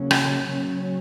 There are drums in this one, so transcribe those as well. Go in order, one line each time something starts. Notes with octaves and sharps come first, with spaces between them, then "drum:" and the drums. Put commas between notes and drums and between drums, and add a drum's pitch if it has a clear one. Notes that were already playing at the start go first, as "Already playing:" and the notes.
Already playing: C#3 F#3 A#3 C#4
drum: rim click
C#3 F#3 C#4